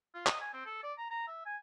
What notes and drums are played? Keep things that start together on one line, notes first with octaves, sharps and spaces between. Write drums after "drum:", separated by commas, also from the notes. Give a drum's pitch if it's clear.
F4
D#5, drum: clap
G#5
C4
A4
D5
A#5
A#5
E5
G#5